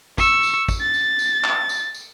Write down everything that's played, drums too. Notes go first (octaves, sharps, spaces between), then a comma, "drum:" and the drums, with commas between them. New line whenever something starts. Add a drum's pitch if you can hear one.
C#6 E6, drum: kick, tambourine
drum: tambourine
drum: kick, tambourine
A6
drum: tambourine
drum: tambourine
drum: clap
drum: tambourine
drum: tambourine